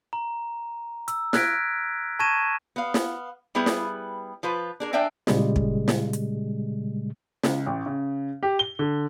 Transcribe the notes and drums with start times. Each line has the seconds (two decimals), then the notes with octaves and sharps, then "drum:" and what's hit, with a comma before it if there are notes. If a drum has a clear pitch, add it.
0.13 A#5
1.08 E6, drum: hi-hat
1.33 F6 F#6 G#6 A#6 B6 D7, drum: snare
2.19 A5 C#6 G#6 A#6 D#7 E7
2.76 B3 F5
2.94 drum: snare
3.55 G3 B3 E4 G#4 B4
3.66 drum: snare
4.43 F3 F4 B4
4.80 D4 G#4 A#4
4.93 D4 A#4 D5 E5 G5 G#5
5.27 A#2 C#3 G3 G#3, drum: snare
5.56 drum: kick
5.88 drum: snare
6.13 drum: hi-hat
7.43 C#2, drum: snare
7.66 A1
7.86 C#3
8.43 G4
8.59 G7
8.79 D3